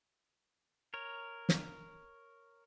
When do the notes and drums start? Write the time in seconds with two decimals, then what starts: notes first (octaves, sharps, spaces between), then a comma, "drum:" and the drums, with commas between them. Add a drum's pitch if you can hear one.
0.94 A#4 C#5
1.49 drum: snare